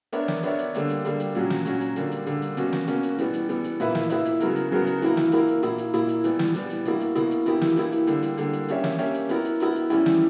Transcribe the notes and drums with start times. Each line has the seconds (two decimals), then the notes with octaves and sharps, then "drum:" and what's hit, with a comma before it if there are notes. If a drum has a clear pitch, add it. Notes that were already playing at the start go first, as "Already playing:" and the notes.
0.12 B3 D4 A#4 C#5 E5, drum: hi-hat
0.28 drum: snare
0.43 B3 D4 A#4 C#5 E5, drum: hi-hat
0.59 drum: hi-hat
0.74 D3 G3 A#3, drum: hi-hat
0.89 drum: hi-hat
1.05 D3 G3 A#3, drum: hi-hat
1.20 drum: hi-hat
1.35 A#2 F#3 C#4 F#4, drum: hi-hat
1.50 drum: snare
1.65 A#2 F#3 C#4 F#4, drum: hi-hat
1.81 drum: hi-hat
1.96 D3 G3 A#3, drum: hi-hat
2.11 drum: hi-hat
2.26 D3 G3 A#3, drum: hi-hat
2.42 drum: hi-hat
2.57 B2 A#3 C#4 F#4, drum: hi-hat
2.73 drum: snare
2.87 B2 A#3 C#4 F#4, drum: hi-hat
3.03 drum: hi-hat
3.18 E3 G3 B3, drum: hi-hat
3.34 drum: hi-hat
3.49 E3 G3 B3, drum: hi-hat
3.64 drum: hi-hat
3.80 A#2 A#3 E4 B4 E5, drum: hi-hat
3.95 drum: snare
4.10 A#2 A#3 E4 B4 E5, drum: hi-hat
4.25 drum: hi-hat
4.40 C#3 F#3 B3 F#4 A#4, drum: hi-hat
4.56 drum: hi-hat
4.71 C#3 F#3 B3 F#4 A#4
4.86 drum: hi-hat
5.02 E3 A#3 E4 A#4, drum: hi-hat
5.17 drum: snare
5.32 E3 A#3 E4 A#4, drum: hi-hat
5.48 drum: hi-hat
5.62 A#2 A#3 E4, drum: hi-hat
5.78 drum: hi-hat
5.93 A#2 A#3 E4, drum: hi-hat
6.09 drum: hi-hat
6.24 E3 G3 B3, drum: hi-hat
6.39 drum: snare
6.54 E3 G3 B3, drum: hi-hat
6.70 drum: hi-hat
6.85 B2 A#3 E4, drum: hi-hat
7.00 drum: hi-hat
7.15 B2 A#3 E4, drum: hi-hat
7.31 drum: hi-hat
7.46 E3 A#3 E4 G4, drum: hi-hat
7.61 drum: snare
7.77 E3 A#3 E4 G4, drum: hi-hat
7.92 drum: hi-hat
8.07 D3 G3 A#3, drum: hi-hat
8.23 drum: hi-hat
8.37 D3 G3 A#3, drum: hi-hat
8.53 drum: hi-hat
8.68 A#3 C#4 G4 C#5 E5, drum: hi-hat
8.84 drum: snare
8.99 A#3 C#4 G4 C#5 E5, drum: hi-hat
9.14 drum: hi-hat
9.29 B3 E4 A#4, drum: hi-hat
9.45 drum: hi-hat
9.60 B3 E4 A#4, drum: hi-hat
9.75 drum: hi-hat
9.90 E3 G3 C#4 E4, drum: hi-hat
10.06 drum: snare